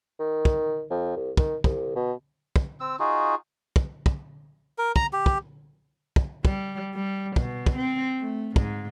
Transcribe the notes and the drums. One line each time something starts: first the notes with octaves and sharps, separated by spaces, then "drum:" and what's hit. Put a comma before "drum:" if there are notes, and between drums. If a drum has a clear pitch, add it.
D#3
drum: kick
F2
C2
D#3, drum: kick
C2, drum: kick
B2
drum: kick
C4 E6
D#4 F4 F#4 G#4
drum: kick
drum: kick
A#4
A#5, drum: kick
G4
drum: kick
drum: kick
G3, drum: kick
G3
B2, drum: kick
drum: kick
C4
A3
G#2, drum: kick